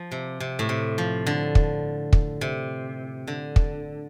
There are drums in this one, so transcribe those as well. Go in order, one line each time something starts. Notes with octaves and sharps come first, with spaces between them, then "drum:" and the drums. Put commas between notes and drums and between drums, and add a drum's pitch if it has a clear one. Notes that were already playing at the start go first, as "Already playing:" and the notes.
Already playing: F3
C3
C3
A2
C3
F3
D3
drum: kick
drum: kick
C3
D3
drum: kick